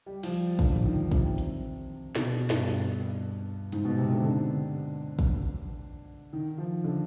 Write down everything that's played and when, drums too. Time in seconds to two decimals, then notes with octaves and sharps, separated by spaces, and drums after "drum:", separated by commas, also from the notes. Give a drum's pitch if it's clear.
0.06 G3
0.23 F3, drum: cymbal
0.59 D3, drum: kick
0.76 drum: tom G#2
0.85 D#3
1.11 C3, drum: kick
1.38 drum: hi-hat
2.15 B2, drum: snare
2.50 G2, drum: snare
2.67 G2, drum: open hi-hat
3.72 G#2, drum: hi-hat
3.85 B2
3.98 C3
4.12 D3
4.24 D3
5.19 drum: kick
6.33 D#3
6.58 F3
6.84 D3